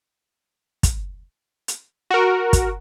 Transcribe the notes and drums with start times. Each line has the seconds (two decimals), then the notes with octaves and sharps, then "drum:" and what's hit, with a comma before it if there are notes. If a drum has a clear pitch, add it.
0.83 drum: kick, hi-hat
1.68 drum: hi-hat
2.10 F#4 A#4
2.53 drum: kick, hi-hat